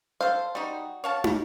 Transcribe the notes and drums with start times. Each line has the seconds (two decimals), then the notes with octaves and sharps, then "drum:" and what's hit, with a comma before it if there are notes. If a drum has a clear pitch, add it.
0.21 A4 C5 F5
0.55 G3 D#4 F#4
1.04 C#5 F5 A5
1.24 drum: tom